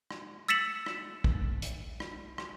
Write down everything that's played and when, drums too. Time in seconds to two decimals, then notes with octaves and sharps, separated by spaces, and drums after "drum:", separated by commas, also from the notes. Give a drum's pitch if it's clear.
0.11 drum: rim click
0.48 E6 A6 B6 C#7 E7 F#7
0.86 drum: rim click
1.24 drum: kick
1.62 drum: hi-hat
2.00 drum: rim click
2.38 drum: rim click